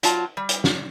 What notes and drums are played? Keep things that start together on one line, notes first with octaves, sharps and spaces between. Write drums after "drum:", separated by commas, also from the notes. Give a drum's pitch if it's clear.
F#3 F4 A5, drum: hi-hat
G3
drum: hi-hat
drum: snare